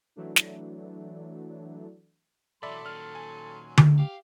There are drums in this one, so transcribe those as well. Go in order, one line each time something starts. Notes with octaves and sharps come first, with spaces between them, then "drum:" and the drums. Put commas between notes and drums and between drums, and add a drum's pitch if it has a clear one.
E3 F#3 A3 D4
drum: snare
B1 E3 F#3 A4 D5 E5 B5 C6
A#2 D#3 F6
G#5
drum: tom D3
G4 F5